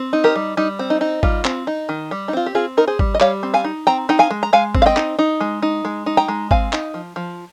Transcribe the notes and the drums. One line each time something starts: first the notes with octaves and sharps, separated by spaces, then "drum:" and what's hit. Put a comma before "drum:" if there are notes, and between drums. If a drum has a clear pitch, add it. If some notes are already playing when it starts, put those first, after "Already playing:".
Already playing: C4
D#4
G4 A#4
G3
G3 D#4
C4
D#4
D#4
G3 F4, drum: kick G#1
C4, drum: clap
D#4
D#3
G3
D#4
C4 F4
G4
C4 F4 G#4
D#4 A#4
G#4 C5
G3, drum: kick G#1
D#5
G3 C#5 F5, drum: clap
C4
F5 G#5
D#4
C4 G5 A#5
D#4 G5
F5 G#5
G#3
A#5
G#3 F5 G#5
C4, drum: kick G#1
F5
D#5 G5
D#4, drum: clap
D#4
G#3
D#4
G#3
D#4
G5 A#5
G#3
C4 F5 G#5, drum: kick G#1
D#4, drum: clap
F3
F3